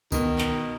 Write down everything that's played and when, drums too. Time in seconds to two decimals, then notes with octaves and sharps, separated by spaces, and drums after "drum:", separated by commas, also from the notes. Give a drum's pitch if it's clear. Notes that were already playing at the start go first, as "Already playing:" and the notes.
0.12 B2 D#3, drum: kick C2, tambourine
0.38 drum: clap